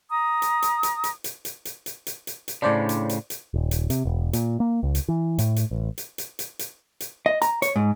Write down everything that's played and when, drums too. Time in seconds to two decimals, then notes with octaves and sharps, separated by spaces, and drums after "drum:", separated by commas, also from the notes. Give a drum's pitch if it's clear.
0.09 A#5 D#6
0.42 drum: hi-hat
0.62 drum: hi-hat
0.83 drum: hi-hat
1.04 drum: hi-hat
1.24 drum: hi-hat
1.45 drum: hi-hat
1.65 drum: hi-hat
1.86 drum: hi-hat
2.07 drum: hi-hat
2.27 drum: hi-hat
2.48 drum: hi-hat
2.62 A2 C#3 D4 C5 D5
2.89 drum: hi-hat
3.09 drum: hi-hat
3.30 drum: hi-hat
3.54 D#1
3.71 drum: hi-hat
3.90 C3, drum: hi-hat
4.05 E1
4.33 A#2, drum: hi-hat
4.60 A#3
4.83 C#2
4.95 drum: hi-hat
5.08 E3
5.38 A2, drum: hi-hat
5.56 drum: hi-hat
5.71 A1
5.98 drum: hi-hat
6.18 drum: hi-hat
6.39 drum: hi-hat
6.59 drum: hi-hat
7.00 drum: hi-hat
7.26 D#5
7.42 A#5, drum: hi-hat
7.62 C#5, drum: hi-hat
7.76 G#2